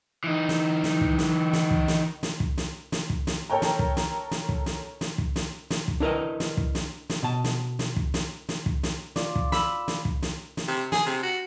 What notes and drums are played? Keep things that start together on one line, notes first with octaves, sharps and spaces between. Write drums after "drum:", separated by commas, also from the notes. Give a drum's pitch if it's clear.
E3 D#4
drum: snare
drum: snare
drum: kick
drum: snare
drum: snare
drum: kick
drum: snare
drum: snare
drum: kick
drum: snare
drum: snare
drum: kick
drum: snare
A4 A#4 C#5 G5 A#5
drum: snare
drum: kick
drum: snare
drum: snare
drum: kick
drum: snare
drum: snare
drum: kick
drum: snare
drum: snare
drum: kick
D4 E4 A#4 B4 D#5
drum: snare
drum: kick
drum: snare
drum: snare
B2 A5
drum: snare
drum: snare
drum: kick
drum: snare
drum: snare
drum: kick
drum: snare
F4 D5, drum: snare
drum: kick
B5 E6, drum: snare
drum: snare
drum: kick
drum: snare
drum: snare
C3
G#4, drum: snare
C3
F#4